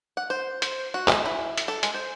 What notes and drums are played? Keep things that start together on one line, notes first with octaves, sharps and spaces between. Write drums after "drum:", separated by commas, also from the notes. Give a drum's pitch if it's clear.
F#5
C5
C5, drum: hi-hat
F#4
G#3, drum: clap
E4
drum: hi-hat
A4
G#3, drum: hi-hat
C5